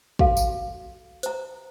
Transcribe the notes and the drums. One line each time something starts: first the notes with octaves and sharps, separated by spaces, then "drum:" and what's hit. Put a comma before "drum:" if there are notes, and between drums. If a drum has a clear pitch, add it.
F#4 A4 F5, drum: kick
drum: tambourine
C5 A#5, drum: hi-hat